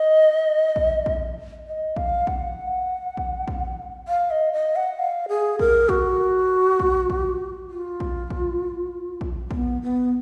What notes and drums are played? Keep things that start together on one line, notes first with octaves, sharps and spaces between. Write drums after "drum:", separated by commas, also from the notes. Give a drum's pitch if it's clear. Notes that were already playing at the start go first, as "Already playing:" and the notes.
Already playing: D#5
drum: kick
drum: kick
D#5
F5, drum: kick
F#5, drum: kick
drum: kick
drum: kick
F5
D#5
D#5
F#5
F5
G#4
A#4, drum: kick
F#4, drum: kick
drum: kick
drum: kick
F4
drum: kick
drum: kick
drum: kick
B3, drum: kick
B3